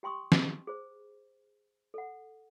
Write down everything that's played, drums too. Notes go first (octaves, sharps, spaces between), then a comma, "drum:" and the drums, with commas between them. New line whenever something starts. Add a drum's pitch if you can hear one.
G4 G5 C6 C#6 D#6
drum: snare
G#4 C5
A4 F#5